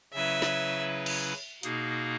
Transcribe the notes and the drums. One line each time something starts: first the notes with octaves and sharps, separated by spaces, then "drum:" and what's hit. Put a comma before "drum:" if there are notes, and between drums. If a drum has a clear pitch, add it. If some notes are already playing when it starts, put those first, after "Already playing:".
C#3 F#3 C#4 E4 B4 E5
drum: snare
drum: cymbal
B2 A#3 D#4 G#4, drum: hi-hat